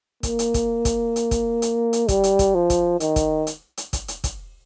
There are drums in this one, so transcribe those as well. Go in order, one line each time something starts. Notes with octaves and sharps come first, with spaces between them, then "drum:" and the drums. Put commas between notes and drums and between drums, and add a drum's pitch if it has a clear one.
A#3, drum: kick, hi-hat
drum: hi-hat
drum: kick, hi-hat
drum: kick, hi-hat
drum: hi-hat
drum: kick, hi-hat
drum: hi-hat
drum: hi-hat
G3, drum: kick, hi-hat
drum: hi-hat
drum: kick, hi-hat
F3
drum: kick, hi-hat
D#3, drum: hi-hat
drum: kick, hi-hat
drum: hi-hat
drum: hi-hat
drum: kick, hi-hat
drum: hi-hat
drum: kick, hi-hat